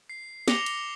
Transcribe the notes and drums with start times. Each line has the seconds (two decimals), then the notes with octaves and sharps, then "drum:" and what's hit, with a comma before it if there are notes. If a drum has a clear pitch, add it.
0.10 C7
0.48 D6 A#6 C#7 F7 G7, drum: snare
0.66 drum: cymbal